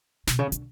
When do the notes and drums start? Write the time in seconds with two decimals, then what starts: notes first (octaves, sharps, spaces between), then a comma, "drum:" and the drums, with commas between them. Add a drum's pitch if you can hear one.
0.27 B2, drum: snare
0.39 C#3
0.52 D3, drum: hi-hat